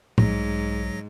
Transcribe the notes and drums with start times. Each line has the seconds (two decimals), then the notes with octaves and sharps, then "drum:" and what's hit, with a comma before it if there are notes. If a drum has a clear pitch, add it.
0.18 B1 G#2 F#3 A#6, drum: tom A2